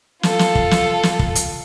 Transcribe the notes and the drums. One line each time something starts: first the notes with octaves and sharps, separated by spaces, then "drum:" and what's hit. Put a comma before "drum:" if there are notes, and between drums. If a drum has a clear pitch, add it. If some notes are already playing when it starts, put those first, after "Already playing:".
F4 A4, drum: snare
drum: snare
drum: kick
drum: snare
drum: snare
drum: kick
drum: hi-hat